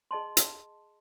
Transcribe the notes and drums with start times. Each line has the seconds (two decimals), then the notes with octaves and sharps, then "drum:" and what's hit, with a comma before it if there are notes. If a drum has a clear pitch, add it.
0.11 G#4 D#5 A5 C6
0.37 drum: hi-hat